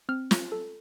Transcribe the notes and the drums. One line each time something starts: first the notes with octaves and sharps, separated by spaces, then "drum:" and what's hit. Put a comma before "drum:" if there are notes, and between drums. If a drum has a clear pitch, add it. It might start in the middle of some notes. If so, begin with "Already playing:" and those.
C4 F6
F4, drum: snare
A4